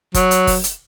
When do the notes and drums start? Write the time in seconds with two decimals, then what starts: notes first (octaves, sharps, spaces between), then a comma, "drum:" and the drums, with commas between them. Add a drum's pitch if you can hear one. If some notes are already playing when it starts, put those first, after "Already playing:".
0.14 F#3, drum: kick F#1, hi-hat
0.31 drum: hi-hat
0.47 drum: kick F#1, open hi-hat
0.64 drum: hi-hat